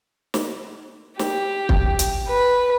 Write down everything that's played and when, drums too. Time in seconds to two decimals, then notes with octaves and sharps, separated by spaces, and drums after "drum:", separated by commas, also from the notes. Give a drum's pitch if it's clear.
0.34 drum: snare
1.19 G4, drum: snare
1.69 drum: kick
1.99 drum: hi-hat
2.28 B4